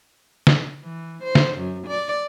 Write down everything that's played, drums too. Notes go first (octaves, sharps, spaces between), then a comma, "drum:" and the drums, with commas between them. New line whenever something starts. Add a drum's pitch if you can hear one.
drum: snare
E3
C5
drum: snare
F#2
D5